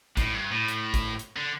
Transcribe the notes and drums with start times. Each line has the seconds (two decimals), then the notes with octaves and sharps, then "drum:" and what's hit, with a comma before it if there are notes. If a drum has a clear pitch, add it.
0.17 A2, drum: kick, hi-hat
0.34 G2
0.51 A2
0.68 drum: hi-hat
0.94 drum: kick, hi-hat
1.19 drum: hi-hat
1.36 D3